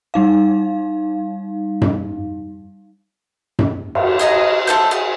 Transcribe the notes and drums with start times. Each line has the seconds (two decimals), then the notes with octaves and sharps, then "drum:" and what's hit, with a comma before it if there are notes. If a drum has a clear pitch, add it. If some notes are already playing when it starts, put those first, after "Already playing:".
0.14 G3 D#4 F5
1.81 drum: tom F#2
3.59 drum: tom F#2
3.95 drum: cymbal
4.19 G#4 D#5 A#5
4.67 F4 A4 C5
4.91 G#4